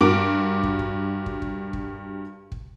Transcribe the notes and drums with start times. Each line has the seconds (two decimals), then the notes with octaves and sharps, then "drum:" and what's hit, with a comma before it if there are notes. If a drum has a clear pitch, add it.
0.01 G2 F#4 A#4 D6 D7
0.63 drum: kick
0.79 drum: kick
1.26 drum: kick
1.42 drum: kick
1.73 drum: kick
2.52 drum: kick